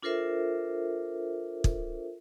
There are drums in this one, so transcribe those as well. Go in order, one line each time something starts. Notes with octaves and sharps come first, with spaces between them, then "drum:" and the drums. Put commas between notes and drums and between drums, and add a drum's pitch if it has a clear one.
D4 F4 A4 A#4 C5 E5
drum: kick